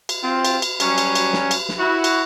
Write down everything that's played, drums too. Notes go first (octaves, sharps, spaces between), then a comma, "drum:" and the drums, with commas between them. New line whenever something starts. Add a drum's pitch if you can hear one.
drum: cymbal
C4 F4
drum: cymbal
drum: cymbal
F#3 G3 C#4, drum: cymbal
drum: cymbal
drum: cymbal
drum: snare
drum: cymbal
drum: snare
E4 F#4
drum: cymbal